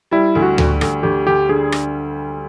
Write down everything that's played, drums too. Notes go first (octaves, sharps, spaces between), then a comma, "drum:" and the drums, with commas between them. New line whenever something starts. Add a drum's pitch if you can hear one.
G3 E4
D2
F#4
D2, drum: tom D2
D2, drum: rim click
D2 G4
D2 G4
D3 G#4
drum: rim click